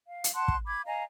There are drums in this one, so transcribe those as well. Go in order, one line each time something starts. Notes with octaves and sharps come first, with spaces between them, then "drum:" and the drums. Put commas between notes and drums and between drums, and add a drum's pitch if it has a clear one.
F5
drum: hi-hat
F#5 A5 C6 F#6
drum: kick
B5 D6 G#6
D#5 F5 G#5 A#5